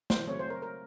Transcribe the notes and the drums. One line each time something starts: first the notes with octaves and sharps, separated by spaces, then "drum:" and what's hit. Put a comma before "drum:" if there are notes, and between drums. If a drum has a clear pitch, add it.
C5, drum: snare
C#3 F#3 A3 C4 C#5
C5
A#4
A#4